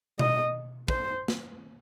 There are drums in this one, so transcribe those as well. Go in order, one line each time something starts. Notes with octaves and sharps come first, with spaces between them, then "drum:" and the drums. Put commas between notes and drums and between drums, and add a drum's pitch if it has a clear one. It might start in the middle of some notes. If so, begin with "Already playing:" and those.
D#5, drum: tom B2
C5, drum: kick
drum: snare